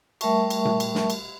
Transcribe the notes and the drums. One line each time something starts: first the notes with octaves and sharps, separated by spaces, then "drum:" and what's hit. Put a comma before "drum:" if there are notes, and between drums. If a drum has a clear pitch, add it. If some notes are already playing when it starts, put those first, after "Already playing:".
G3 A3 A#4 E5 A5 C#6, drum: cymbal
drum: cymbal
drum: tom A#2
drum: cymbal
drum: snare
drum: cymbal